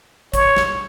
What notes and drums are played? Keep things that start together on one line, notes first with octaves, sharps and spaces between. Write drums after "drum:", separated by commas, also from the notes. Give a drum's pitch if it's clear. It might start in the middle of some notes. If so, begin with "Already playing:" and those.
C#5, drum: kick, hi-hat
drum: snare